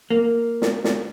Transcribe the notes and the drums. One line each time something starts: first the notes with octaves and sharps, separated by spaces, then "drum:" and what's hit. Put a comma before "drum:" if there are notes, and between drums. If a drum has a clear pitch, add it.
A#3
drum: snare
drum: snare